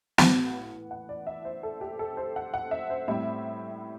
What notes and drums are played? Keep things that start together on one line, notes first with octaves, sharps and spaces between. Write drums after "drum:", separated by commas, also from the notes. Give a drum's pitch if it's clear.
A2 E3 B3 F#5, drum: snare
F#5
D5
E5
C5
A4
G4
A4
C5
F#5
F#5
E5
C5
A2 G3 C4 E5